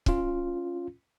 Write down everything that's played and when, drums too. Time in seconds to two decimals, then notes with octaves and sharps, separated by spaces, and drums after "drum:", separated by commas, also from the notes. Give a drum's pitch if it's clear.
0.06 C#4 F4, drum: kick